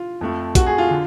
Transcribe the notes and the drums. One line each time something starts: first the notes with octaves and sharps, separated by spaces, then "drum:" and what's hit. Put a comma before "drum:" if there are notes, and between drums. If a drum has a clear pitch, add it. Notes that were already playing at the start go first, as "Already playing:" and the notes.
Already playing: F4
F2 F3 A3
F#4, drum: kick A#1, hi-hat
G#4
F4
D3